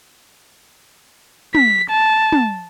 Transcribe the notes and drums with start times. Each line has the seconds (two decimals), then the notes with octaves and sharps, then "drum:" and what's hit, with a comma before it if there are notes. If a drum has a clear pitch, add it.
1.55 B6, drum: tom
1.90 A5
2.32 drum: tom